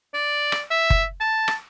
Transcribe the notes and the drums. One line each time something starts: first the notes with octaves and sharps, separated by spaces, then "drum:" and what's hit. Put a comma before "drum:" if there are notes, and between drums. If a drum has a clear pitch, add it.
D5
drum: rim click
E5
drum: kick F#1
A5
drum: rim click